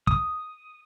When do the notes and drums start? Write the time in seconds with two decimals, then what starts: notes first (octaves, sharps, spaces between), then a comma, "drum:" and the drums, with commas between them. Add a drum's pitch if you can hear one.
0.07 D#6, drum: kick